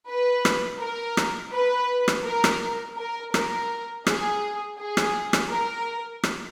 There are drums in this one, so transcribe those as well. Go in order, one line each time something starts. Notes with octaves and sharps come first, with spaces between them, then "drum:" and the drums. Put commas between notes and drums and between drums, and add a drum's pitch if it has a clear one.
B4
drum: rim click
A#4
drum: rim click
B4
drum: rim click
A#4
drum: rim click
A#4
A#4, drum: rim click
G#4, drum: rim click
G#4
drum: rim click
drum: rim click
A#4
drum: rim click